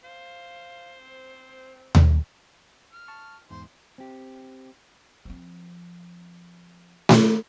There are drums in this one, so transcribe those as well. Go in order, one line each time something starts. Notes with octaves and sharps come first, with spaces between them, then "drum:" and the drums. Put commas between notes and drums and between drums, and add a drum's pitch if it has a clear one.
C5 F5
C4
drum: tom D#2
F6
A5 C#6
E2 G#2 C5
C4 G4
F3 C4
drum: snare A3